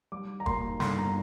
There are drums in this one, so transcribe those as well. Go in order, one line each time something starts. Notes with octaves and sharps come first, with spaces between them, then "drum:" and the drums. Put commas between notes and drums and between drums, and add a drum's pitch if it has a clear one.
G3 D6
A#5
A#3 C6, drum: kick
G1 C6, drum: snare
A#5